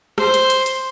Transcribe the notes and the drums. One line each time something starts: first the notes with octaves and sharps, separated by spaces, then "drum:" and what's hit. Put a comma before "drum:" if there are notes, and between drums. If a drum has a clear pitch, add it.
C5, drum: rim click
drum: hi-hat
drum: hi-hat
drum: hi-hat